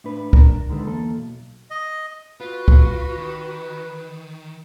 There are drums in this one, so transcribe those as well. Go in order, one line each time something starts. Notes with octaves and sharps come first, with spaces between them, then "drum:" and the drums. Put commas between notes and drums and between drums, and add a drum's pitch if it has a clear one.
A2 D4 B4
D4 A#4, drum: kick
D3 D#3 G#3 A4 B4
E2 A#3 A4
B1
D#5
F4 F#4 B4
drum: kick
D#3